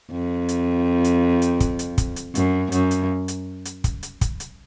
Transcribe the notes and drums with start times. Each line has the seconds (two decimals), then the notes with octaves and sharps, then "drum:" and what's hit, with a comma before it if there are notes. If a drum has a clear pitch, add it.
0.11 F2
0.49 drum: hi-hat
1.04 drum: hi-hat
1.42 drum: hi-hat
1.60 drum: kick, hi-hat
1.79 drum: hi-hat
1.98 drum: kick, hi-hat
2.16 drum: hi-hat
2.35 F#2, drum: hi-hat
2.72 F#2, drum: hi-hat
2.91 drum: hi-hat
3.28 drum: hi-hat
3.65 drum: hi-hat
3.84 drum: kick, hi-hat
4.03 drum: hi-hat
4.21 drum: kick, hi-hat
4.40 drum: hi-hat